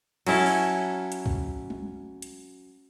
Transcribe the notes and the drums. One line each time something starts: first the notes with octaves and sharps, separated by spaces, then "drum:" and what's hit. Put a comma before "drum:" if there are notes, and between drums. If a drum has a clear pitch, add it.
F#3 C#4 E4 A4, drum: cymbal
drum: open hi-hat
drum: hi-hat
drum: kick
drum: tom
drum: hi-hat